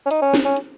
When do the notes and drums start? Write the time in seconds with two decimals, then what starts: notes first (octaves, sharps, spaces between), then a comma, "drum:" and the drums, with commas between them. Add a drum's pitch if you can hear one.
0.06 C#4
0.10 D#4, drum: hi-hat
0.22 C#4
0.34 drum: snare
0.45 C#4
0.56 drum: hi-hat